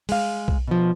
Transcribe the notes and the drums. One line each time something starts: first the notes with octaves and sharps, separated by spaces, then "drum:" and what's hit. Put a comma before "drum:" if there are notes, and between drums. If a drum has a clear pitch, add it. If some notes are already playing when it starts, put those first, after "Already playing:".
G#3 F5, drum: open hi-hat
drum: kick B1
B2 F3